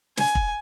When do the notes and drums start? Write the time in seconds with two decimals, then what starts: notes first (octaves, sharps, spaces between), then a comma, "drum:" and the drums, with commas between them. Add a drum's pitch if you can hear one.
0.17 G#5, drum: snare
0.35 drum: kick